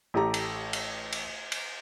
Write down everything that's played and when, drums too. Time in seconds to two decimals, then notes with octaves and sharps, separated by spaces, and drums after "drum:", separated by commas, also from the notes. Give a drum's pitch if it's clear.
0.14 A1 A3 G4 A#5
0.34 drum: cymbal
0.73 drum: cymbal
1.12 drum: cymbal
1.52 drum: cymbal